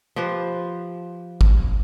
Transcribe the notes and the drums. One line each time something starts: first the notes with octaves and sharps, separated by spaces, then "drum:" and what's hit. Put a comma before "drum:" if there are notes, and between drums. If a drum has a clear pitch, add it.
F3 G4 B4 C5
drum: kick